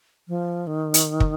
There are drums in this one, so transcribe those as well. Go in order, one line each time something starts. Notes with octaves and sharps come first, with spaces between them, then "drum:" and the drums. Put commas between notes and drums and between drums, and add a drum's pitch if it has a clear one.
F3
D#3
drum: hi-hat
drum: kick